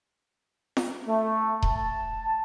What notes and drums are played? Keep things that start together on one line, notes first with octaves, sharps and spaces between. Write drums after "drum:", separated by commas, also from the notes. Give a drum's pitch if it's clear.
drum: snare
A3
A5, drum: kick D#1